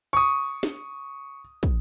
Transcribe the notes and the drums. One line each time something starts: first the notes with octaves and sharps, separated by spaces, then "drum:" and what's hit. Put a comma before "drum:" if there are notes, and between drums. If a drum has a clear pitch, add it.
C#6 D#6
drum: snare
drum: kick